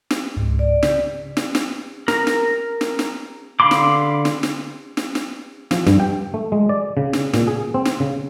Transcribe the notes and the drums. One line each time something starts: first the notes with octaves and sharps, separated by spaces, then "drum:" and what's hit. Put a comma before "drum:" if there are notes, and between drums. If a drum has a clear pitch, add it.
drum: snare
C#2 G#2
D5
C#3 G6 B6, drum: snare
drum: snare
drum: snare
A#4 A#5, drum: snare
drum: snare
drum: snare
drum: snare
D3 F5 B5 C6 D6
drum: snare
drum: snare
drum: snare
drum: snare
drum: snare
F3, drum: snare
G2, drum: snare
G5
A3
G#3
D5
C#3
drum: snare
A#2, drum: snare
G#4
C4
drum: snare
C#3